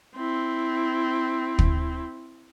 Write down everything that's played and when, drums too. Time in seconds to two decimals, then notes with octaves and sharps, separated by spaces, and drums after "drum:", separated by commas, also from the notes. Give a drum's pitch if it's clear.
0.16 C4 E4
1.59 drum: kick